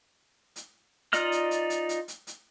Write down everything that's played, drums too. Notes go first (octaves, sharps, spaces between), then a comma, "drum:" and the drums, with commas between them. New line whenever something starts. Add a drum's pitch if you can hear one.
drum: hi-hat
D#4 F4 D5 D#5 F6, drum: hi-hat
drum: hi-hat
drum: hi-hat
drum: hi-hat
drum: hi-hat
drum: hi-hat
drum: hi-hat